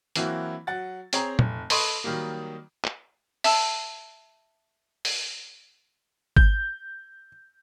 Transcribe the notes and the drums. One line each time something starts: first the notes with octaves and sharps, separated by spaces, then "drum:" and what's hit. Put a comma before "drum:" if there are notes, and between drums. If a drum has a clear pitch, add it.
E3 F#3 A#3 C4 E4 F#4, drum: hi-hat
F#3 F#5 A6
C4 G#4 C#5 G5 A#5, drum: hi-hat
F1, drum: tom
A4 B4 D#5 C6 C#6 D#6, drum: open hi-hat
D#3 F#3 G3 A#3
drum: clap
E5 A5 E6, drum: open hi-hat
drum: open hi-hat
G6, drum: kick G#1